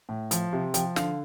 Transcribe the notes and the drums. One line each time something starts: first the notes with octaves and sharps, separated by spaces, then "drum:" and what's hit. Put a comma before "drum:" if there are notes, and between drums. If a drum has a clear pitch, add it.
A2
F3, drum: hi-hat
C3
F3 G5, drum: hi-hat
D3 F5, drum: snare